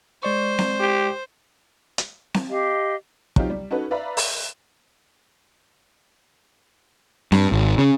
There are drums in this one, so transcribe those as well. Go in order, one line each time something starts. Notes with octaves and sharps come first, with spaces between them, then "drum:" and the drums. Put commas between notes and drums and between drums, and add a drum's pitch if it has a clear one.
G#3 C5 D5 C#6
drum: snare C4
G4
drum: hi-hat
drum: snare C4
G4 D#5 F5
F#3 C4 D#4 F4 G4, drum: kick
G3
C#4 D#4 F#4 A4 B4
B4 D5 E5 F5 A#5 B5
drum: open hi-hat
G2, drum: snare C4
G#1
C#3